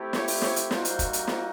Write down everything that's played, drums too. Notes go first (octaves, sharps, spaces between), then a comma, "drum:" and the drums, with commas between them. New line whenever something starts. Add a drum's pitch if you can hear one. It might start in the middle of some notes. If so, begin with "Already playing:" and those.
Already playing: A3 C4 E4 G4
C#5, drum: snare
drum: open hi-hat
C#5, drum: snare
drum: hi-hat
G3 A#3 D#4 F#4 C5, drum: snare
drum: hi-hat
drum: kick, hi-hat
drum: hi-hat
drum: snare